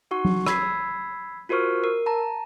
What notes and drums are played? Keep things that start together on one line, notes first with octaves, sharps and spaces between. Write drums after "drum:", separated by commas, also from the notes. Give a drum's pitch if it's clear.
D#4 F#4 F#5 C#6
drum: tom F#3
B5 E6 G#6 B6 C7, drum: rim click
F4 F#4 A#4 C5 C#6 F6
A#4
A5 A#5